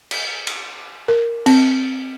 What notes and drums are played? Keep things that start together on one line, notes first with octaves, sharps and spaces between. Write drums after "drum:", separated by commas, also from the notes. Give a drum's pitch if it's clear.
drum: cymbal
drum: cymbal
A#4
C4, drum: cymbal